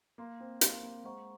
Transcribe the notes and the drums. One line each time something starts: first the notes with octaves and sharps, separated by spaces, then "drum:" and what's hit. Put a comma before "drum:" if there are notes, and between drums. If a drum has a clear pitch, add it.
A#3 A#4 F5 C6
C4
A#3 A#4 F5 C6, drum: hi-hat
A#3
G#3 C5 F#5 A#5 C#6